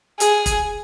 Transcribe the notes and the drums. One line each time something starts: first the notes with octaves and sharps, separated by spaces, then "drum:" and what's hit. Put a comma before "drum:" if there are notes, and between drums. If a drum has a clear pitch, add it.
G#4, drum: hi-hat
drum: kick, hi-hat